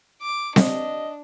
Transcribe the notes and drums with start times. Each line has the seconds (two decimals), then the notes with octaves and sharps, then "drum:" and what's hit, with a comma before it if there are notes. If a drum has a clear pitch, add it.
0.22 D6
0.56 D4 D#5, drum: snare C4